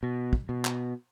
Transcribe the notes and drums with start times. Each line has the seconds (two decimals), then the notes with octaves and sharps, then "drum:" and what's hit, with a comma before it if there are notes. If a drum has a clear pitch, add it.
0.03 B2
0.33 drum: kick
0.49 B2
0.65 drum: clap